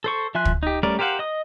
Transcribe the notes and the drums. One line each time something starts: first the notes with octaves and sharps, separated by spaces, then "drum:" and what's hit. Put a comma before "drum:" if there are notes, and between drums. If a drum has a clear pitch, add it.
A4 C5 C#6
F3 E5 G#5 C6 F#6
drum: kick
D#4 G4
G3 A3 C#4 A#4 D5
G4 A#4 C5 F5 F#5
D#5 D#6